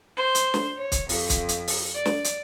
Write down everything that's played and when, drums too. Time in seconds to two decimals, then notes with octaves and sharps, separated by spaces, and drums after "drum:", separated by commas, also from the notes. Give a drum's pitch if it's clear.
0.16 C5
0.35 drum: hi-hat
0.54 drum: snare
0.76 C#5
0.92 drum: kick, hi-hat
1.09 F2, drum: open hi-hat
1.30 drum: kick, hi-hat
1.49 drum: hi-hat
1.68 drum: open hi-hat
1.94 D5
2.05 drum: snare
2.24 drum: hi-hat